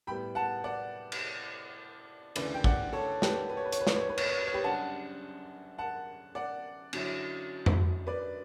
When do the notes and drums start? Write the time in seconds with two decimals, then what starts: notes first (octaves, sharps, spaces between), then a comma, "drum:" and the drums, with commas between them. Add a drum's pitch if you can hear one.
0.07 A2 G3 B3 G5 B5
0.35 F#5 A5
0.64 D5 F#5
1.12 drum: cymbal
2.36 D2 C#3 E3 A3 B4 D5, drum: cymbal
2.54 G5
2.64 D5 F#5, drum: kick
2.93 A4 C#5
3.22 G4 B4, drum: snare
3.49 B4
3.57 C#5
3.65 B4
3.72 C#5, drum: hi-hat
3.80 B4
3.87 C#5, drum: snare
3.95 B4
4.02 C#5
4.09 B4
4.18 C#5, drum: cymbal
4.24 B4
4.31 C#5
4.39 B4
4.47 C#5
4.54 G4 B4
4.64 F#2 C#3 G3 D4 F#5 A5
5.78 F#5 A5
6.35 D5 F#5
6.93 F#2 D3 F#3 C#4 E4, drum: cymbal
7.66 drum: tom F2
8.07 B4 D5